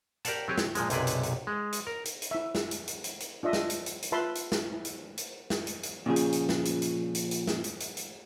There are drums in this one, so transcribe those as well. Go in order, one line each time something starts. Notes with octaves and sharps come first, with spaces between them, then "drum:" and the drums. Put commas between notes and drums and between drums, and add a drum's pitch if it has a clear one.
G4 A#4 D5 F5 F#5 A5, drum: hi-hat
F#3 C4 G4 G#4 C#5
drum: snare
A#2 F3 G#3, drum: hi-hat
B1 F#2 C3 G#4 B4 D5, drum: hi-hat
drum: hi-hat
drum: hi-hat
G#3
drum: hi-hat
A#4
drum: hi-hat
drum: hi-hat
E4 E5
drum: snare
drum: hi-hat
drum: hi-hat
drum: hi-hat
drum: hi-hat
D4 F4 D#5 E5
drum: snare
drum: hi-hat
drum: hi-hat
drum: hi-hat
F4 B4 E5 A5 B5 C6
drum: hi-hat
drum: snare
E4
drum: hi-hat
drum: hi-hat
drum: snare
drum: hi-hat
drum: hi-hat
A#2 C#3 F3 G#4
drum: hi-hat
drum: hi-hat
drum: snare
drum: hi-hat
drum: hi-hat
drum: hi-hat
drum: hi-hat
drum: snare
drum: hi-hat
drum: hi-hat
drum: hi-hat